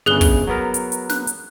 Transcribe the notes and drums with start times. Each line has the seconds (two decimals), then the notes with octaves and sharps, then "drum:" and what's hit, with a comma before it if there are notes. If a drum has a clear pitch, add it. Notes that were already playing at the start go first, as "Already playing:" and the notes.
0.06 G1 C#3 G#4 F#6 G7
0.21 drum: kick, open hi-hat
0.47 F#3 B3 A#4
0.74 drum: hi-hat
0.92 drum: hi-hat
1.10 F#6, drum: snare
1.27 drum: hi-hat